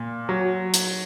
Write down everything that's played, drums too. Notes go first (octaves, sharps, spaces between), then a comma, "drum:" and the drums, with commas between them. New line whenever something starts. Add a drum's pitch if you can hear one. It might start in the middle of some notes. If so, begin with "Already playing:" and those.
Already playing: A#2
F#3
drum: hi-hat